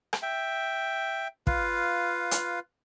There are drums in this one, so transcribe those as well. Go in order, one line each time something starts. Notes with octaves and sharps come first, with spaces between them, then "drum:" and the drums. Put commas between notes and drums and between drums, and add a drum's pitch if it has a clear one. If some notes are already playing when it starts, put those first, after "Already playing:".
drum: rim click
E5 G5
F4 B4 F5, drum: kick
drum: hi-hat